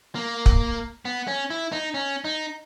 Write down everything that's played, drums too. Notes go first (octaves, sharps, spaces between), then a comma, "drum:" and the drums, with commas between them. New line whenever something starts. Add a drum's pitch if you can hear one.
A#3
drum: kick
B3
C#4
E4
D#4
C#4
D#4